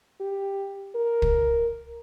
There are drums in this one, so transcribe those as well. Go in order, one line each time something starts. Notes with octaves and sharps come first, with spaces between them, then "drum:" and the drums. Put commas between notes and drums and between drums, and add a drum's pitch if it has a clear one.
G4
A#4
drum: kick